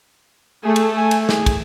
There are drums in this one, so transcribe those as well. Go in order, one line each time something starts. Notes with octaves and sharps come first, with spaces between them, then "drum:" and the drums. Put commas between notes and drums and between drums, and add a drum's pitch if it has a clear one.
A3 G#4
drum: cymbal
G#5
drum: cymbal
G#4, drum: snare
drum: kick, cymbal